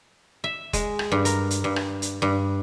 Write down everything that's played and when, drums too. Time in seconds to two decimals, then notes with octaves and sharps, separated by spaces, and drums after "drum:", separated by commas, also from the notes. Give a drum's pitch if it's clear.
0.44 E5
0.73 G#3, drum: kick F1, hi-hat
0.99 drum: rim click
1.12 G2
1.25 A#4, drum: hi-hat
1.51 drum: hi-hat
1.64 G2
1.76 drum: rim click
2.02 drum: hi-hat
2.22 G2